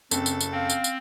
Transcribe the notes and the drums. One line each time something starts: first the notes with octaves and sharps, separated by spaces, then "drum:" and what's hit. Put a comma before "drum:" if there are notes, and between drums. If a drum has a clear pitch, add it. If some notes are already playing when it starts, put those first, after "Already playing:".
F#1 C4 A4, drum: tambourine
drum: tambourine
drum: tambourine
C4 F5
drum: tambourine
drum: tambourine